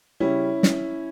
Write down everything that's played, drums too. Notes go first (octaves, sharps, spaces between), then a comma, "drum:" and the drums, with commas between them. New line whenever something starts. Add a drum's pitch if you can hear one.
C#3 G3 C#4 E4
drum: snare